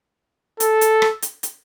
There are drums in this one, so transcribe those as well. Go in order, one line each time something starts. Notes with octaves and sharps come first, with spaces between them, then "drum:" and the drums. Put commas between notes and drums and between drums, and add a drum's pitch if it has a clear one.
A4, drum: hi-hat
drum: hi-hat
drum: rim click
drum: hi-hat
drum: hi-hat